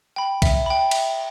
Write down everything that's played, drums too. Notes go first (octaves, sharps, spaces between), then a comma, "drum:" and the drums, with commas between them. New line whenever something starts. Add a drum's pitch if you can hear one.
G5 B5
E5, drum: kick B1, cymbal
G5 B5
E5, drum: cymbal